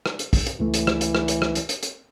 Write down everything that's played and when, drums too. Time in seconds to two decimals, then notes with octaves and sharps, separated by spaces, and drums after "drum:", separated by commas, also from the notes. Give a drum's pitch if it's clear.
0.06 drum: rim click
0.19 drum: hi-hat
0.33 drum: kick, open hi-hat
0.46 drum: hi-hat
0.60 C#2 E3 A3
0.74 drum: hi-hat
0.87 drum: rim click
1.01 drum: hi-hat
1.15 drum: rim click
1.28 drum: hi-hat
1.42 drum: rim click
1.55 drum: hi-hat
1.69 drum: hi-hat
1.83 drum: hi-hat